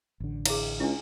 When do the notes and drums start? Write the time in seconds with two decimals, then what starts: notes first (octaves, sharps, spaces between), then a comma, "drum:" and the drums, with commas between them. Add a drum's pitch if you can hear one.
0.20 A1 D3
0.46 E4 G#4, drum: cymbal
0.80 C#2 D4 E4